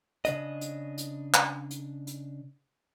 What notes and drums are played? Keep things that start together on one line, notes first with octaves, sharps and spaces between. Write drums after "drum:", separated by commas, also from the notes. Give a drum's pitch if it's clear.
C#3 D4 D#5, drum: hi-hat
drum: hi-hat
drum: hi-hat
drum: clap
drum: hi-hat
drum: hi-hat